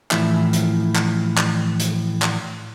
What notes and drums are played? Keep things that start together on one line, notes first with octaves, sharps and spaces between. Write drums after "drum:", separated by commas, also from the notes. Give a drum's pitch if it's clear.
A2 E3 F3 E4 E5, drum: clap
drum: hi-hat
drum: clap
drum: clap
drum: hi-hat
drum: clap